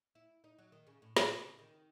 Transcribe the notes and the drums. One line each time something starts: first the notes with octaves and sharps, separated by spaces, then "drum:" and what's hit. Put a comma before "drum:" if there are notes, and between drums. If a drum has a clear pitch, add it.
E4
D#4
F#3
D#3
C#3
A2
A2, drum: snare
C3
C#3
D#3